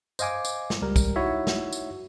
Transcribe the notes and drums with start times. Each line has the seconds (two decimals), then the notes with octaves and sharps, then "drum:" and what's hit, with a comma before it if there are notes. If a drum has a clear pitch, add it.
0.19 C5 D#5 F5 G#5 D6, drum: tambourine
0.45 drum: tambourine
0.70 drum: snare
0.82 C#2 G3 A#4
0.96 drum: kick, tambourine
1.16 D#4 E4 F#4 C#5 E5
1.47 drum: snare
1.72 drum: tambourine